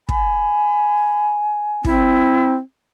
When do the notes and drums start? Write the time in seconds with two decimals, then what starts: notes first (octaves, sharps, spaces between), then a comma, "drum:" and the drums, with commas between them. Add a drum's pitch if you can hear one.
0.09 G#5 B5, drum: kick
1.85 C4 E4, drum: kick